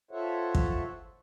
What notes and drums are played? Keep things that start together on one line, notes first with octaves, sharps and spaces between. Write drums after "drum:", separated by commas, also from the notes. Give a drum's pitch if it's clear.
F4 A4 C5 C#5 E5 F#5
drum: kick